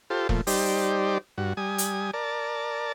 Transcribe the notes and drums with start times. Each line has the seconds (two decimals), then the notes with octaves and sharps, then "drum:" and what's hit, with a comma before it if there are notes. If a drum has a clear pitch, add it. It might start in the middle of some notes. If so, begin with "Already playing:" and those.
0.10 F4 G4 A4 C5
0.29 A#2 F3 A3, drum: kick E1
0.47 G3 D#4 G4 C5 D5, drum: open hi-hat
1.38 G2 F#4
1.57 G3 G#5 D#6
1.78 drum: hi-hat
2.13 A#4 D5 A5